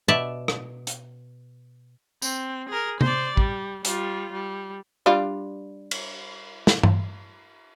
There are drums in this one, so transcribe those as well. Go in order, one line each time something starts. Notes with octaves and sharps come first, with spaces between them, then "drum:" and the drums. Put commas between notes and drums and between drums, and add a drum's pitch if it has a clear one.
B2 D5 E5 A5
drum: rim click
drum: hi-hat
C4, drum: tambourine
G#4 A#4
C5 D5, drum: tom C3
G3, drum: kick
G3 F4, drum: hi-hat
G3
G3 D4 F4
drum: cymbal
drum: snare
drum: tom G2